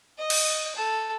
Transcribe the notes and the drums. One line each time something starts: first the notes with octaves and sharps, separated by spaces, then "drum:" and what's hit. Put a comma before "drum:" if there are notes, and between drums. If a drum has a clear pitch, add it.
D#5
drum: cymbal
A4